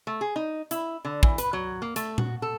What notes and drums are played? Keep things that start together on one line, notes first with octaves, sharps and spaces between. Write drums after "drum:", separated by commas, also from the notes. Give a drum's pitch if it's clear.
A3
G#4
D#4
E4, drum: hi-hat
D3
E3, drum: kick
B4, drum: hi-hat
F#3
A#3
A3, drum: hi-hat
F#4, drum: tom A#2
A4